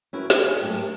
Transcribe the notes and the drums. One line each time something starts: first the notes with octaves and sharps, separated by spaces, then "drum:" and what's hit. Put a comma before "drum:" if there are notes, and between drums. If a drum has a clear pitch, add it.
C#4 E4 F#4 A#4 B4
F4 E5, drum: snare
G#4
F#3 A3 A#3 F#4 G4
A#4